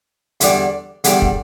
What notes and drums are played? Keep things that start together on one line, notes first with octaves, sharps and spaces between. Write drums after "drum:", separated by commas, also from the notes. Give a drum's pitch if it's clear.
E2 D3 G3 D4 G4, drum: hi-hat
E2 D3 G3 D4 G4, drum: hi-hat
drum: kick